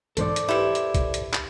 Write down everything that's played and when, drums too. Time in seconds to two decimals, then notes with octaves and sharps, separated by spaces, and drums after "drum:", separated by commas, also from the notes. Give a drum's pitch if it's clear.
0.17 B1 E2 G#2 A4 C5 D5, drum: hi-hat
0.36 drum: hi-hat
0.49 G3 E4 G4 B4
0.75 drum: hi-hat
0.94 drum: kick, hi-hat
1.14 drum: hi-hat
1.33 drum: clap